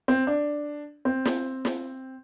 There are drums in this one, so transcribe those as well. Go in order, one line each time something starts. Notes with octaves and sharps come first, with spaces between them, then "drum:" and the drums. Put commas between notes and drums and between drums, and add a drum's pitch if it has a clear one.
C4
D4
C4
drum: snare
drum: snare